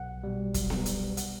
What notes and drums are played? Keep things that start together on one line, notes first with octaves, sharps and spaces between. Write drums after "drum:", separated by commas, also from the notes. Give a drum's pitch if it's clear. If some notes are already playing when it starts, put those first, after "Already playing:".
Already playing: B1 F#5
B2 G3
B1, drum: kick, hi-hat
drum: snare B3
B2 G3, drum: hi-hat
F#5, drum: hi-hat